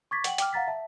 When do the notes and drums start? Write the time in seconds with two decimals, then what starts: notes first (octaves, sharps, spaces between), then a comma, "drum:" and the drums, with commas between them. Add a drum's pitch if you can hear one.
0.11 C#6 D6 G#6 A6 B6
0.24 F#5 G5 F#7, drum: hi-hat
0.38 G5 D6 F6, drum: hi-hat
0.53 F5 F#5 A#5 A6 B6
0.68 E5 A5